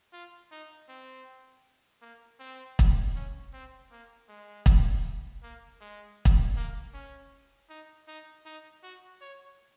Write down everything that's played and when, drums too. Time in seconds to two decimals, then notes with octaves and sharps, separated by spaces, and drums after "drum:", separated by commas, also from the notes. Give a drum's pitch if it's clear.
0.13 F4
0.51 D#4
0.89 C4
2.02 A#3
2.40 C4
2.79 drum: kick
3.15 C#4
3.53 C4
3.91 A#3
4.29 G#3
4.66 drum: kick
5.43 A#3
5.81 G#3
6.25 drum: kick
6.56 A#3
6.94 C#4
7.69 D#4
8.08 D#4
8.45 D#4
8.83 F#4
9.21 C#5